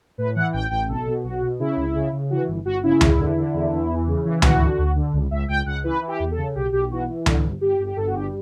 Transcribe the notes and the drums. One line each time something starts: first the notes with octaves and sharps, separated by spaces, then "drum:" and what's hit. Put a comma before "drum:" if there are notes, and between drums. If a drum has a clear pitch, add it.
A2 B4
E3 F#5
A1 G5
A1 G5
B1 A4
B2
B1 F#4
B2
C#3 E4
C#2
C#3
C#3
E3 F#4
G1
G1 F#4
C#3 E4
E2, drum: tom C#2
D3
D3
E2
E2
E3
C#3
E3
D2 F#4, drum: tom C#2
D3
D2
D3
C#2
C#2 E5
C#2 G5
C#2 F#5
E3 B4
E3
G4
E2
A4
C#3
B1 G4
B1 G4
E3 F#4
E3
D3, drum: tom C#2
G1
G1 G4
G1
G4
G1 A4
F#4
G2 G4